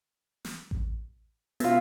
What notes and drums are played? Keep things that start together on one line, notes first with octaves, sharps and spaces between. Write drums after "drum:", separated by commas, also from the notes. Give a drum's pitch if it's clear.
drum: snare
drum: kick A1
B2 F4 E5, drum: hi-hat